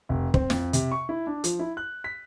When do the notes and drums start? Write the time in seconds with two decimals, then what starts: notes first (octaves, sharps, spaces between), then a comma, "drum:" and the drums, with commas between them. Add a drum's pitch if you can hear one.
0.09 F1
0.34 C4, drum: kick
0.50 F2, drum: snare
0.73 C3, drum: hi-hat
0.92 C#6
1.09 E4
1.27 D4
1.44 F3, drum: hi-hat
1.59 E4
1.77 F#6
2.04 B6